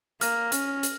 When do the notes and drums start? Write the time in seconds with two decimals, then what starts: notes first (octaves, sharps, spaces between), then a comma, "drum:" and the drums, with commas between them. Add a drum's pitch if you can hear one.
0.21 A#3 F6 A#6 D#7, drum: hi-hat
0.52 C#4, drum: hi-hat
0.83 drum: hi-hat